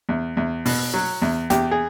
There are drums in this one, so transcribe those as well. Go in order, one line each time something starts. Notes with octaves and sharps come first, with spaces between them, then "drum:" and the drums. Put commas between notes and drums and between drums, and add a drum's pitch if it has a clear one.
E2
E2
B2, drum: open hi-hat
F#3
E2
E2 G4, drum: hi-hat
G#4